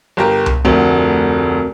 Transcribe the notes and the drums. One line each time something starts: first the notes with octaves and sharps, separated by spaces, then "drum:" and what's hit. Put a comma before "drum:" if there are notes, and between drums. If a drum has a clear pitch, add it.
G1 G4 A#4
drum: tom C2
F1 D2 C4 F#4 A#4